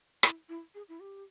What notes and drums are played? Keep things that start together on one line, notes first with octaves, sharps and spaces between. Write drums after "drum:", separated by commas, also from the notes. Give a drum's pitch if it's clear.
E4, drum: rim click
E4
G#4
E4
G4